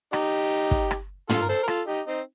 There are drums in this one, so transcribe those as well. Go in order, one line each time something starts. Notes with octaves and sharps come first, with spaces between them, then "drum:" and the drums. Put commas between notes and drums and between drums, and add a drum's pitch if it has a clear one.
D#4 G4, drum: rim click
drum: kick
drum: rim click
F4 A4, drum: tom
A#4
A4 C5
A#4
F4 A4, drum: rim click
D#4 G4
C4 D#4